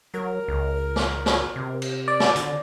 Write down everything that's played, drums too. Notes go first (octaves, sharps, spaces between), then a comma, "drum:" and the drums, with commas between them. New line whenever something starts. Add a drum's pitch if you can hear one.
F#3 A#4
C#2
drum: snare
drum: snare
C3
drum: cymbal
D5
drum: snare
D3, drum: hi-hat